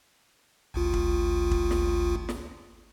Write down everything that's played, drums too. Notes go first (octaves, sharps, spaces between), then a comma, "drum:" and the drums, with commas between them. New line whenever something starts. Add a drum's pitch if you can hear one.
G#1 D2 F4
drum: kick
drum: kick
drum: snare
drum: snare